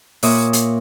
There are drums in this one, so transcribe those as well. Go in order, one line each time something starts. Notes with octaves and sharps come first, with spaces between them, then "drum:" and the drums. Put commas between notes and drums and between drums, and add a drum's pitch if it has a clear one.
A#2 C#5 E5 D6 D#6, drum: open hi-hat
drum: hi-hat